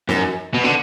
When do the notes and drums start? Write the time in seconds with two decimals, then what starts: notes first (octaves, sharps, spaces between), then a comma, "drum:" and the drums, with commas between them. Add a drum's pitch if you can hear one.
0.09 F#2, drum: snare
0.54 B2
0.64 D3